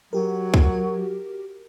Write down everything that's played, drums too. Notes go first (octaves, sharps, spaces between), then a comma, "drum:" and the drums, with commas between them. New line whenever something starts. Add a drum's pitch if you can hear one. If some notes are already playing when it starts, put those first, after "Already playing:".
F#3 F#4 G4 A#4
drum: kick